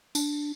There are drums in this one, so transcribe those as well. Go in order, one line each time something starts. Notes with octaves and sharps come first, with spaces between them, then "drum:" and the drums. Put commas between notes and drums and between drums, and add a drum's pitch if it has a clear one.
D4, drum: tambourine